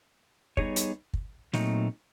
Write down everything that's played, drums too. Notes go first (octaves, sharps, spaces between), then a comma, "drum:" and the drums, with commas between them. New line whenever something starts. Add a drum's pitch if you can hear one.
G3 B3 D#4 G#4 C#5, drum: kick
drum: hi-hat
drum: kick
A#2 F#3 A3 C4 D#4, drum: snare